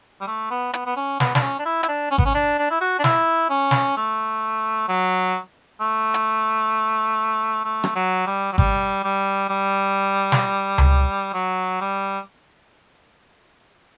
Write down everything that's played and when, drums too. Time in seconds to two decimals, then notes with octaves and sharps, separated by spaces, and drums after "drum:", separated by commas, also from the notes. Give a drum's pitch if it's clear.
0.21 G3
0.27 A3
0.50 B3
0.74 B3, drum: hi-hat
0.86 B3
0.97 C#4
1.20 B3, drum: snare
1.35 D4, drum: snare
1.42 C#4
1.59 D4
1.66 E4
1.83 E4, drum: hi-hat
1.88 D4
2.11 C#4
2.18 B3, drum: kick G#1
2.26 C#4
2.35 D4
2.58 D4
2.71 E4
2.81 F#4
2.99 D4
3.04 E4, drum: snare
3.50 C#4
3.71 drum: snare
3.97 A3
4.88 F#3
5.81 A3
6.14 drum: hi-hat
7.65 A3
7.84 drum: rim click
7.95 F#3
8.27 G3
8.52 F#3
8.58 G3, drum: kick G#1
9.04 G3
9.49 G3
10.32 drum: snare
10.78 drum: tom C#2
11.34 F#3
11.81 G3